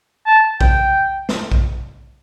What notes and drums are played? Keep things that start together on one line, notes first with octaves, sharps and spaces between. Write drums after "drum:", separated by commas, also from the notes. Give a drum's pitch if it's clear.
A5
G5, drum: kick A#1
drum: snare
drum: kick A#1